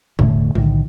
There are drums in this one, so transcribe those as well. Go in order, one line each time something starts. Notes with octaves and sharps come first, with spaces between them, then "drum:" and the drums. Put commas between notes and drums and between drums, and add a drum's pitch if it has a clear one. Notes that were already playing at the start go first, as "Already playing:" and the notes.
E1 A2 D3 A3, drum: tom B2
B1 A2 D3 D#3, drum: tom G#3